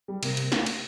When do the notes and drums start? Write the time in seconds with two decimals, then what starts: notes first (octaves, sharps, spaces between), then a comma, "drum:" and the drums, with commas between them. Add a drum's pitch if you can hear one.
0.08 G3
0.23 C3 A#3, drum: cymbal
0.37 drum: cymbal
0.52 drum: snare
0.66 drum: cymbal